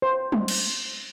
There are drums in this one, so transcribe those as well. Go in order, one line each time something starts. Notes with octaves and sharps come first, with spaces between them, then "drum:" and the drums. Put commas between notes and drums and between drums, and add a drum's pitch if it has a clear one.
C5
drum: tom
drum: cymbal